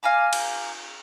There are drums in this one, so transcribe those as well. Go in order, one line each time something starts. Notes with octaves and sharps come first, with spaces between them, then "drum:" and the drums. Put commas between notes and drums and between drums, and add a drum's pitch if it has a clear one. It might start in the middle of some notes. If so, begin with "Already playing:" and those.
F5 G#5 A#5 D6
drum: cymbal